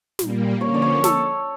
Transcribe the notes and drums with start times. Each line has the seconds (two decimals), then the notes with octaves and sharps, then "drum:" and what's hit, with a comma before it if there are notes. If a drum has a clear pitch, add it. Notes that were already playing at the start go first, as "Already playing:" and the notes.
0.19 A#2 G3 A#3, drum: snare
0.61 D3 F3 A#3 C#4 C#5
0.74 D5
0.82 C#5
1.04 A4, drum: snare